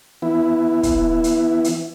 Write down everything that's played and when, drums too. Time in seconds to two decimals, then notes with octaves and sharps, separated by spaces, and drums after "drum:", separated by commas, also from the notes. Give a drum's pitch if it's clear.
0.22 E3 B3 E4
0.83 drum: kick, hi-hat
1.24 drum: hi-hat
1.64 drum: hi-hat